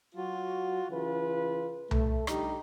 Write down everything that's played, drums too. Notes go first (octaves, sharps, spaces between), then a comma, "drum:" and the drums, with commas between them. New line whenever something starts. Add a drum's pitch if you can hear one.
F#3 F4 F#4
C#3 E3 F4 B4
A3, drum: tom C2
D3 G3 D#4 G4, drum: rim click